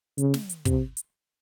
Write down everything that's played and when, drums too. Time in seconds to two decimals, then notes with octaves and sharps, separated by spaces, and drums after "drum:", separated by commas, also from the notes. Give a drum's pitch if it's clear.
0.18 C#3, drum: hi-hat
0.34 drum: snare
0.49 drum: hi-hat
0.65 C3, drum: kick, hi-hat
0.97 drum: hi-hat